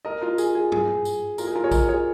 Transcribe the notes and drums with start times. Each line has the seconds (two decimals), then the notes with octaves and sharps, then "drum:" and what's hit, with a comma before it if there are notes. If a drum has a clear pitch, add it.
0.05 A#4 D#5
0.21 F4 A#4
0.38 G#4, drum: tambourine
0.55 G#4
0.72 G#4, drum: tom G2
1.05 drum: tambourine
1.38 F4 A#4, drum: tambourine
1.47 G#4
1.55 F4 A#4
1.64 G#4 C#5
1.71 A#4 D#5, drum: kick A#1, tambourine
1.88 G#4 C#5